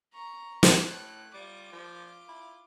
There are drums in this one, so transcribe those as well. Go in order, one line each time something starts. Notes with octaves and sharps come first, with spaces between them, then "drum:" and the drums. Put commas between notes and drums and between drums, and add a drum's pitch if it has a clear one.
A#5 C#6
drum: snare
A2 F#6
G3 F4 D6
F3
E4